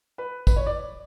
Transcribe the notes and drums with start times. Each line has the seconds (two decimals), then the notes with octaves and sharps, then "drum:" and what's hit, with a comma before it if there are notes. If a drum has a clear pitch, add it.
0.18 B4
0.47 B4, drum: kick, tambourine
0.56 C#5
0.66 D5